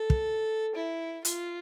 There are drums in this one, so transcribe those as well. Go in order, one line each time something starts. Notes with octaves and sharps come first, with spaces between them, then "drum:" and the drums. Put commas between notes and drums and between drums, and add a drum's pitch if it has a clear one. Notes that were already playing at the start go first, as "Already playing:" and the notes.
Already playing: A4
drum: kick
E4
F4, drum: hi-hat